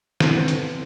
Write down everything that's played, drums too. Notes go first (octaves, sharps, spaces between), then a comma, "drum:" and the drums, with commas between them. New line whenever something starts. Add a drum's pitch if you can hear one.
D3 E3 B3 C4 A4 C5, drum: snare
drum: hi-hat